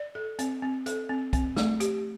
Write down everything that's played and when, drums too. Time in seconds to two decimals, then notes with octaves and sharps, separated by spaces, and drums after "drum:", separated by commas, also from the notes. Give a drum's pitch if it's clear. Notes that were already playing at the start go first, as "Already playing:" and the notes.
Already playing: D5
0.15 A4
0.39 C4, drum: hi-hat
0.62 C4
0.86 A4, drum: hi-hat
1.09 C4
1.33 C4, drum: kick, hi-hat
1.56 A3, drum: snare
1.80 G4, drum: hi-hat